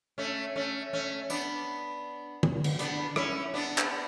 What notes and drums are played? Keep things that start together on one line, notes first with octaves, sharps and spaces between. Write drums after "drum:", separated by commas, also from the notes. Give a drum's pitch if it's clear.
A3 C#4
A3 C#4
A3 C#4
B3 D4, drum: tambourine
drum: tom
drum: cymbal
B3 D4, drum: hi-hat
C#4 E4, drum: rim click
B3 D4
drum: clap